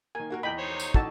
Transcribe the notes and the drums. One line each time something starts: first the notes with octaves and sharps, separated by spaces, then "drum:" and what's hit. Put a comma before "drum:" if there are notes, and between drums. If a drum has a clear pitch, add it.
D#3 A#3 G#5
A#3 F#4 A#4
E2 D#5 G5 B5
D#4 C5 C#5
drum: tambourine
A1 D#4 F#4 A4 A5, drum: kick